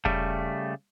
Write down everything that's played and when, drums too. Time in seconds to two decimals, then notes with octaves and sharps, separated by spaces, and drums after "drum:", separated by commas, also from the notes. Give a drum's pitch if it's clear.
0.05 C#3 G3 A3, drum: kick E1